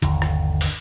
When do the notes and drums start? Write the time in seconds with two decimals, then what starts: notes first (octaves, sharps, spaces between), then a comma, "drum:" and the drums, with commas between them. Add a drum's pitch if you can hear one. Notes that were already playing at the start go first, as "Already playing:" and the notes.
0.02 G1 D#2 D3, drum: hi-hat
0.22 drum: rim click
0.61 drum: open hi-hat